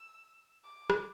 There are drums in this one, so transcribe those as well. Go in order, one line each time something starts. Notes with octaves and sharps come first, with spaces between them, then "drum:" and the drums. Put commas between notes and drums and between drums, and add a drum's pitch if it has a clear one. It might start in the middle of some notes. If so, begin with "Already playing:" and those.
Already playing: E6
D6
drum: rim click